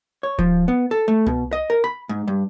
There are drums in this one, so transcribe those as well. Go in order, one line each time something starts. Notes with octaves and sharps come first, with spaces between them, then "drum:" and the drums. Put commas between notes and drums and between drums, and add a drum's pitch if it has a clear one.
C#5
F3, drum: kick D1
B3
A4
A3
B2, drum: tom C2
D#5
A#4
B5
G#2
G2